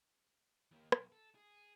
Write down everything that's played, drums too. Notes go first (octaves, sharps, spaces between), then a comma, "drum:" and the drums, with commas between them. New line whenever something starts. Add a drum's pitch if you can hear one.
D#2
B1, drum: rim click
A4
G#4